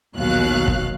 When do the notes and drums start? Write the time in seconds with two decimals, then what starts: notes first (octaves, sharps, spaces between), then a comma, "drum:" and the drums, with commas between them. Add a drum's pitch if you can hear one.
0.15 A#1 D#2 B2 F#3 F5 F#6
0.68 drum: kick